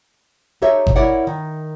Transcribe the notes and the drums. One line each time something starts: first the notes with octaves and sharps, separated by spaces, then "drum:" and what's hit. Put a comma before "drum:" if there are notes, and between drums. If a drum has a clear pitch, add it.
D#4 G4 A4 C#5 E5
drum: kick G1
E4 A#4 C#5 D5 E5 F#5
D#3